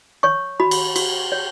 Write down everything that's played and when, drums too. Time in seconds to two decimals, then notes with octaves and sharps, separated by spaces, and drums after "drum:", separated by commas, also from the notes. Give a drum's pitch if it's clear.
0.23 C#5 C#6
0.60 F#4 B5
0.71 drum: cymbal
0.96 F#4, drum: cymbal
1.32 C#5